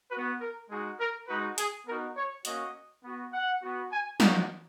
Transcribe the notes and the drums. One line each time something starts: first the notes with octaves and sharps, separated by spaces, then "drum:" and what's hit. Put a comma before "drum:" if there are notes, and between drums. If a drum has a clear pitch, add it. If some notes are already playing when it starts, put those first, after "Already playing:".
B3 F#4 B4
A#4
G#3 D#4 F#4 G#4
A#4
G#3 D#4 F#4 B4
G#4, drum: hi-hat
B3 D#4 F#4 A#4
C#5
A#3 C#4 F#4 D#5, drum: hi-hat
B3 F#4
F#5
B3 F#4
G#5
A#3 D#4 F#4, drum: snare